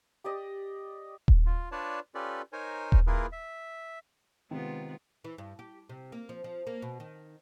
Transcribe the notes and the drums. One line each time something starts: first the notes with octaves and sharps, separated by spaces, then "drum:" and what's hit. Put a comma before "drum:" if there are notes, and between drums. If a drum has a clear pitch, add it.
G4 D5 D#5
drum: kick D#1
F4
D4 F4 B4 C#5 D5 A5
C#4 F4 G4 A4 B4 D5
D#4 A#4 C5 C#5 G#5
drum: kick D#1
A#3 E4 F4 G#4 A#4 B4
E5
C3 D#3 G#3 B3 C4 F4
E3
G2
G4
C3
A#3
F3
F3
A#3
B2
D#3